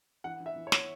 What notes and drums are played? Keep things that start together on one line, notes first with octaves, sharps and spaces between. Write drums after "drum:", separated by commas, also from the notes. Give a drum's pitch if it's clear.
E3 F#5
E3
E5
E3
C#5
E3, drum: snare